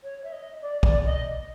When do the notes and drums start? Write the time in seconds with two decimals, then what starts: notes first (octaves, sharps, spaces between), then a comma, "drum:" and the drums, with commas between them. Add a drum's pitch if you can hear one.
0.03 C#5
0.24 E5
0.32 D#5
0.61 D5
0.83 D5, drum: kick
1.05 D#5